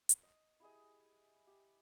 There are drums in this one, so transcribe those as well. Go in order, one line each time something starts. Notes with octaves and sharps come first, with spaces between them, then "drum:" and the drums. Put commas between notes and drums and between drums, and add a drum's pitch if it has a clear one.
drum: hi-hat
D#5
E4 G4 G#4 D#5
G4